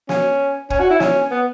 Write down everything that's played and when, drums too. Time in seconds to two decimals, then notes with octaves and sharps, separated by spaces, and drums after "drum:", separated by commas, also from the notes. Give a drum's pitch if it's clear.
0.09 C#4, drum: snare
0.70 C#4, drum: kick
0.80 F#4
0.91 E4
1.00 C#4, drum: snare
1.31 B3